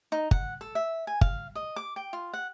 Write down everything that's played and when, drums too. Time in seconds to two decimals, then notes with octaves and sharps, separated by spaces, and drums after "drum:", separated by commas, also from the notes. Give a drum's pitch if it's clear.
0.12 D#4
0.31 F#5, drum: kick G1
0.61 A4
0.75 E5
1.07 G#5
1.21 F5, drum: kick G1
1.55 D#5
1.76 D6
1.96 G5
2.13 F4
2.34 F#5